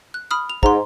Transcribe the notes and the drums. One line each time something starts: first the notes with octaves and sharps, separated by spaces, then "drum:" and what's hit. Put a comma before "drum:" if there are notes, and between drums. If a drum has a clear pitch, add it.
F#6
B5 D#6 F6
F7
G#2 A#5 C6, drum: kick